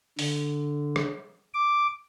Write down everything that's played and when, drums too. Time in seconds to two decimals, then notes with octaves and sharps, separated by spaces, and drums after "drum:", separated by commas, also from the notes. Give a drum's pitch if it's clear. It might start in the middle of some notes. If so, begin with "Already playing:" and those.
0.19 D3, drum: open hi-hat
0.96 drum: rim click
1.54 D6